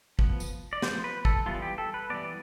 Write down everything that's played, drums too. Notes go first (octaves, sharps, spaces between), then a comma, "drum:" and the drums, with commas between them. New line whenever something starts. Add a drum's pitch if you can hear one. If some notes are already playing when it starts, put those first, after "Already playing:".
F3 B3, drum: kick
drum: tambourine
D5
F3 B3 C5, drum: snare
B4
A4, drum: kick
E3 G3 B3 F4
G4
A4
B4
E3 G3 B3 D5